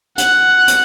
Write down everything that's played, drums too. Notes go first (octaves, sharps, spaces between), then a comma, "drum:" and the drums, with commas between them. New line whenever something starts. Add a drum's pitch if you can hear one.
F#5, drum: hi-hat
drum: hi-hat